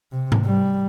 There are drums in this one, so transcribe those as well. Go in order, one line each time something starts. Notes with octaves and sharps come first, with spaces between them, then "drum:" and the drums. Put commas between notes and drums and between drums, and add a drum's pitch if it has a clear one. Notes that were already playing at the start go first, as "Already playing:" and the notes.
C3
drum: tom G#2
G3